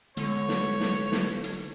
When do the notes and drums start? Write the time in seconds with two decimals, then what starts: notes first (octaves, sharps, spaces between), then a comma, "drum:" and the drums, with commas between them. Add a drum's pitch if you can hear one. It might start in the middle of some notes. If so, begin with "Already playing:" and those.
0.17 D3 G#3 B3 C#5, drum: hi-hat
0.49 drum: snare
0.80 drum: snare
1.12 drum: snare
1.44 drum: hi-hat